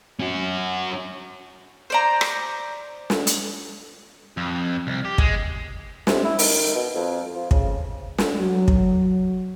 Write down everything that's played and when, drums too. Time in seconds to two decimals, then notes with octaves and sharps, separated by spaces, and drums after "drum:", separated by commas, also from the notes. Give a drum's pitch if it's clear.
0.20 C#4 F#4
1.90 C5 D5 A#5
2.21 drum: rim click
3.10 drum: snare
3.27 drum: hi-hat
4.37 F2
4.87 C2
5.05 G4
5.18 G#3, drum: kick
6.07 C3, drum: snare
6.24 E4
6.39 D#3, drum: open hi-hat
6.75 B2
6.95 F2
7.35 F3
7.51 C#3, drum: kick
8.18 drum: snare
8.38 F#3
8.68 drum: kick